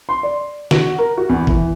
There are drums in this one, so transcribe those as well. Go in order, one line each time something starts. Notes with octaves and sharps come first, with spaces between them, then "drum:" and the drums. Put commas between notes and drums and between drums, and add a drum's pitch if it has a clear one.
C6
D5
F#4, drum: snare
A#4
F#4
E2
E3, drum: kick